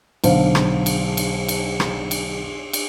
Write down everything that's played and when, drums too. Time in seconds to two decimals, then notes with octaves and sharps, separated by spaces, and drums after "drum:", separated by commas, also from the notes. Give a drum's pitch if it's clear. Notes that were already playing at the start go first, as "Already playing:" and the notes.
0.24 B1 D3 C5 F5, drum: cymbal
0.55 drum: rim click
0.86 drum: cymbal
1.17 drum: cymbal
1.48 drum: cymbal
1.80 drum: rim click
2.11 drum: cymbal
2.73 drum: cymbal